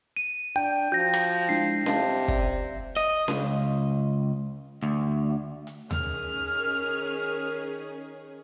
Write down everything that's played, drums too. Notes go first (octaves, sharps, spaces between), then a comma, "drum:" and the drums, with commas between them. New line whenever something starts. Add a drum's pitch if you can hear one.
D#7
D4 G5
F3 F#4 G6 A#6
drum: rim click
G#3 D4 E4 C7
C3 D#5 F5 A5, drum: snare C#4
D5 E5, drum: kick
D#5, drum: hi-hat
C#2, drum: snare C#4
D2
drum: hi-hat
D#3 C#4 G#4 F6, drum: tom D#2